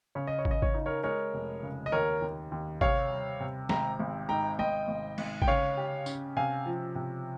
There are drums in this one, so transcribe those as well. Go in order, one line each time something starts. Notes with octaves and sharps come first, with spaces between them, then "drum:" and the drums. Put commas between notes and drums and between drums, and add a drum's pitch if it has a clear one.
C#3 C#5
D#5
C#5
C#3, drum: kick
D#5
C#5, drum: kick
D#4 D#5
A#4 C#5
G#3 A#4 C#5
F1
C#3
D#5
D#2 A#4 C#5
D#2
D#2
C3 C#5 F5, drum: kick
G3
C3
G#1 G5 A#5, drum: snare
G#1
G#2 G5 A#5
G#1 D#5 G5
G#1
G#1, drum: cymbal
G5, drum: kick
C#3 C#5 F5
G4
C#4, drum: tambourine
C3 F5 G#5
F3
C3